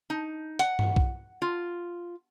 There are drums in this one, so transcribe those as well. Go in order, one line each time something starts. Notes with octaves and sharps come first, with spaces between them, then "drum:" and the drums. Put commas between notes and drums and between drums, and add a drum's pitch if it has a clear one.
D#4
F#5, drum: hi-hat
drum: tom G2
drum: kick B1
F4